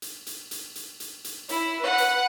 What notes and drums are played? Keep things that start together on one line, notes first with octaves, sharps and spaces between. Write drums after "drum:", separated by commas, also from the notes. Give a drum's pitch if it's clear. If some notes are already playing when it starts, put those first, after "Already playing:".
drum: hi-hat
drum: hi-hat
drum: hi-hat
drum: hi-hat
drum: hi-hat
drum: hi-hat
E4, drum: hi-hat
B4 F#5
drum: hi-hat